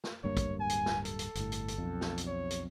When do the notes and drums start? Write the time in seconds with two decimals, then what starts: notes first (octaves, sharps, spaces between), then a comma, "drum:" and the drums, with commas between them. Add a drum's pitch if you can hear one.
0.04 drum: snare
0.24 D1 G2 A#3 C#5
0.37 drum: kick, hi-hat
0.60 G#5
0.70 drum: hi-hat
0.86 drum: snare
1.05 A4, drum: hi-hat
1.19 drum: hi-hat
1.35 G1 A2, drum: hi-hat
1.52 drum: hi-hat
1.68 drum: hi-hat
1.78 B1 F2
2.01 drum: snare
2.18 drum: hi-hat
2.27 C#5
2.51 drum: hi-hat